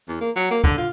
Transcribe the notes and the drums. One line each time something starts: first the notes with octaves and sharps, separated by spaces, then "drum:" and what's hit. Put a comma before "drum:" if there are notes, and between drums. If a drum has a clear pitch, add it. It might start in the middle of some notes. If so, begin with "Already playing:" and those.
E2
A#3
F#3
A#3
D3, drum: kick
F4